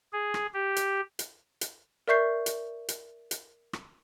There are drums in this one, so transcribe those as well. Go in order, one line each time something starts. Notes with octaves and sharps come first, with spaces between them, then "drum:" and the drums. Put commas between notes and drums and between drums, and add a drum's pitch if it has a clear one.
G#4
drum: rim click
G4
drum: hi-hat
drum: hi-hat
drum: hi-hat
A#4 D5 E5 C#6 G6 C7
drum: hi-hat
drum: hi-hat
drum: hi-hat
drum: rim click